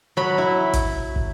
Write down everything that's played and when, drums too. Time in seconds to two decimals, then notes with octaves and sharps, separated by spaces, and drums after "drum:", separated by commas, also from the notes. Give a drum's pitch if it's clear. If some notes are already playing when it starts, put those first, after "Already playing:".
0.17 F#3 B5
0.38 E4
0.73 drum: kick, hi-hat
1.16 drum: kick